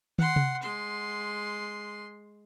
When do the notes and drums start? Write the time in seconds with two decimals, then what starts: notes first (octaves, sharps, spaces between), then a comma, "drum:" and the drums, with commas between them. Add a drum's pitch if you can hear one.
0.19 F#5 C6, drum: tom
0.36 drum: tom C3
0.63 G#3 C6